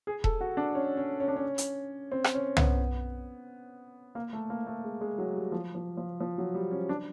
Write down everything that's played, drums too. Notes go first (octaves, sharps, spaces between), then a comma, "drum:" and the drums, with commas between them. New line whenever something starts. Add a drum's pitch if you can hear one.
G#4
A4, drum: kick E1
F#4
D4
C#4
C#4
C#4
D4
C#4
drum: hi-hat
C4
drum: rim click
C#4
B3, drum: tom
A#3
A3
A#3
A3
G#3
G#3
F#3
G3
F3
F3
F3
F3
F#3
G3
C#4
D4